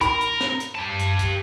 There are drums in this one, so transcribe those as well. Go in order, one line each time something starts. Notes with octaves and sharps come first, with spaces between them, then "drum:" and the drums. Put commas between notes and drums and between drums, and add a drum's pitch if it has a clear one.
A#4 B5, drum: kick, hi-hat
drum: hi-hat
drum: snare
drum: hi-hat
G4 A5
drum: hi-hat
drum: kick, hi-hat